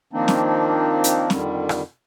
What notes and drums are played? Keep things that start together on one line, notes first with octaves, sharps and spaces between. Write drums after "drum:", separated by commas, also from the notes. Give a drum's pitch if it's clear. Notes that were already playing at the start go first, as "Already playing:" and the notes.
D#3 F3 A#3 C4 D4 D#4
drum: snare
drum: hi-hat
F2 D3 D#3 G3, drum: snare
drum: rim click